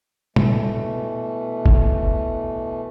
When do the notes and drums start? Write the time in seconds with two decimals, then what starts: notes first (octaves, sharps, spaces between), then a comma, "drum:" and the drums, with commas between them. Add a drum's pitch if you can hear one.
0.36 B2 E3 A3, drum: tom
1.66 drum: kick F#1